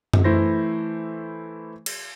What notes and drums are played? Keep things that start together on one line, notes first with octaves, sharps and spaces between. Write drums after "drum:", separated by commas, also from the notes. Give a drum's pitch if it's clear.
drum: tom F#2
E3 A3 E4 C5 A#6
drum: cymbal